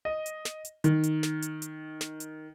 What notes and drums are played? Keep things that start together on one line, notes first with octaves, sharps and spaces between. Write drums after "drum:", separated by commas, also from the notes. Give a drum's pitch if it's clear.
D#5
drum: hi-hat
drum: snare
drum: hi-hat
D#3, drum: hi-hat
drum: hi-hat
drum: snare
drum: hi-hat
drum: hi-hat
drum: snare
drum: hi-hat